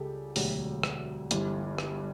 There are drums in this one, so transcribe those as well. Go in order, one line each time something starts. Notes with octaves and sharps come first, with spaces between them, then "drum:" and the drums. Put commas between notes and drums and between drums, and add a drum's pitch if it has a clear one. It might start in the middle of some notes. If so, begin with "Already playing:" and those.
Already playing: C#2 C#3 G3 G4 A4
E1 D2 D3 F#3 G4, drum: open hi-hat
drum: rim click
G1 G2 E3 G3, drum: hi-hat
drum: rim click